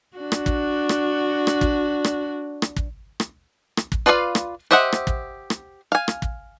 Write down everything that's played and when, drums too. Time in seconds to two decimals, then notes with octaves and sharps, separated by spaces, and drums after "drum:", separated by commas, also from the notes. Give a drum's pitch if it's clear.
0.17 D4 F#4
0.32 drum: rim click
0.46 drum: kick
0.89 drum: rim click
1.47 drum: rim click
1.61 drum: kick
2.04 drum: rim click
2.62 drum: rim click
2.76 drum: kick
3.20 drum: rim click
3.77 drum: rim click
3.92 drum: kick
4.06 F4 B4 D5 D#5 F5
4.35 drum: rim click
4.71 G4 C5 D#5 E5 F#5
4.92 drum: rim click
5.07 drum: kick
5.50 drum: rim click
5.92 F5 G#5
6.08 drum: rim click
6.22 drum: kick